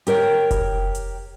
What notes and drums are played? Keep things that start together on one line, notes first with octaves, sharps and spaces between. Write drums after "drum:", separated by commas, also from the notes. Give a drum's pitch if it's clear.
G4 A#4 C#5 G5, drum: hi-hat
drum: kick F1, hi-hat
drum: hi-hat